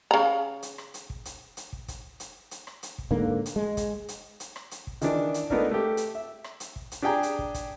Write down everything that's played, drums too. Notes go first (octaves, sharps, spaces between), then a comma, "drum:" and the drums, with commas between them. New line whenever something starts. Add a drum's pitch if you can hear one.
C#3 A#5
drum: hi-hat
drum: rim click
drum: hi-hat
drum: kick
drum: hi-hat
drum: hi-hat
drum: kick
drum: kick, hi-hat
drum: hi-hat
drum: hi-hat
drum: rim click
drum: hi-hat
drum: kick
G#2 D3 A#3
drum: hi-hat
G#3
drum: kick, hi-hat
drum: hi-hat
drum: hi-hat
drum: rim click
drum: hi-hat
drum: kick
D#3 E3 D4, drum: hi-hat
drum: hi-hat
A3 B3 D4 D#4 A#4 D5, drum: kick
A3 G4
drum: hi-hat
E5
drum: rim click
drum: hi-hat
drum: kick
drum: hi-hat
D4 G4 G#4 G5 G#5 A#5
drum: hi-hat
drum: kick
drum: kick, hi-hat